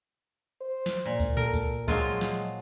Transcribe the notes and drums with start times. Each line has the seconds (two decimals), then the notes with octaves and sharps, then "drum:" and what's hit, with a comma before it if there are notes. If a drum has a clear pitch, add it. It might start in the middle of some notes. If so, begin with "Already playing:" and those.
0.61 C5
0.86 drum: snare
1.05 A#2
1.20 drum: kick C#2, tambourine
1.37 A4 A#4, drum: tom A2
1.54 drum: kick C#2, tambourine
1.88 F3 F#3 G#3 F4, drum: kick C#2, tambourine
2.21 drum: snare